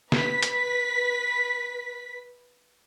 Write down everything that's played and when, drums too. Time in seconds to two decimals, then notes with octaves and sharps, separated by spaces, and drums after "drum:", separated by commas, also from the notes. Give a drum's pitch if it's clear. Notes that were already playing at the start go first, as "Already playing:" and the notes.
0.12 B4 B6, drum: snare
0.43 drum: hi-hat